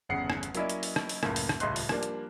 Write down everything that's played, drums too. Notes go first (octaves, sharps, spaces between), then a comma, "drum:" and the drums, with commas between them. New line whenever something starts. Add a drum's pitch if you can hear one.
G1 E2 C#3 F#5 C7 C#7
drum: rim click
drum: hi-hat
F#3 A#3 C#4 E4 D5 D#5, drum: hi-hat
drum: hi-hat
drum: open hi-hat
drum: rim click
drum: open hi-hat
C#2 F#2 A2 A3 A#3, drum: rim click
drum: open hi-hat
drum: rim click
D#1 C#2 A2 D#5 C6 F#6, drum: hi-hat
drum: open hi-hat
F3 G3 A#3 D4, drum: rim click
drum: hi-hat